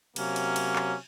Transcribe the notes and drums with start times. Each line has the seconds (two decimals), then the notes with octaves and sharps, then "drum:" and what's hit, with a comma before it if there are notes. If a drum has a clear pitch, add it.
0.16 C3 F#3 A#3 C#4, drum: cymbal
0.36 drum: cymbal
0.56 drum: cymbal
0.76 drum: clap